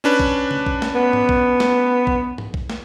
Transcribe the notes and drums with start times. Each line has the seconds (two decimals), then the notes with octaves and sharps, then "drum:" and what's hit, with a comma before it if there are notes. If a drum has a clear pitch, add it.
0.04 C#4 D4 B4
0.20 drum: kick A#1
0.51 drum: tom C#3
0.66 drum: kick A#1
0.82 drum: snare
0.95 B3
1.13 drum: tom G#2
1.29 drum: kick A#1
1.60 drum: snare
2.07 drum: kick A#1
2.38 drum: tom G#2
2.54 drum: kick A#1
2.70 drum: snare